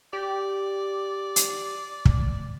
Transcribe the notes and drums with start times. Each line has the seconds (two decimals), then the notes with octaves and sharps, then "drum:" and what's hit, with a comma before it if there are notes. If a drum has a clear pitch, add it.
0.13 G4 D5
1.36 drum: hi-hat
2.05 drum: kick